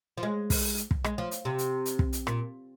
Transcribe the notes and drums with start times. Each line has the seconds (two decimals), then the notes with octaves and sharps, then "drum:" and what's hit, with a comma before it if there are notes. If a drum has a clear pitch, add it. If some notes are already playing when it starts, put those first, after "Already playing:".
0.18 F3
0.23 G#3
0.50 drum: kick, open hi-hat
0.77 drum: hi-hat
0.91 drum: kick
1.04 G#3, drum: rim click
1.18 F3
1.31 drum: hi-hat
1.45 C3
1.58 drum: hi-hat
1.86 drum: hi-hat
1.99 drum: kick
2.13 drum: hi-hat
2.27 A#2, drum: rim click